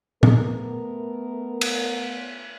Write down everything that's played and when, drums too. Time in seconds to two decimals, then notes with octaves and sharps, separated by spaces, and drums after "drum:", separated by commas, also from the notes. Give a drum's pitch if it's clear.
0.23 A3 B3 A#4, drum: tom
1.61 drum: cymbal